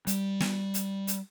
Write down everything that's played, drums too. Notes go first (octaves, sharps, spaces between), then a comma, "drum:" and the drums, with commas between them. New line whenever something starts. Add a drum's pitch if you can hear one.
G3, drum: hi-hat
drum: snare
drum: hi-hat
drum: hi-hat